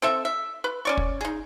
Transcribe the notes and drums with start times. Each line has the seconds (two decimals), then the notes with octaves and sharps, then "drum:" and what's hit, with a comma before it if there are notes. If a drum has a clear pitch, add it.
0.02 C4 A4 E5
0.25 E5
0.64 B4
0.85 C#4 D5 C#6
0.97 drum: kick
1.21 D#4 G#4